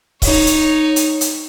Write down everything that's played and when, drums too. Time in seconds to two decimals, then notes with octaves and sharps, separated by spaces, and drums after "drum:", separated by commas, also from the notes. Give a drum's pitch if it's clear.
0.22 D#4 C#5, drum: kick C#1, open hi-hat
0.47 drum: hi-hat
0.96 drum: hi-hat
1.21 drum: hi-hat